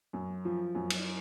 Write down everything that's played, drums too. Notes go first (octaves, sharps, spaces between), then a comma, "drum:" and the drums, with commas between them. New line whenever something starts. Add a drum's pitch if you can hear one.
F#2
F3
F#2
drum: cymbal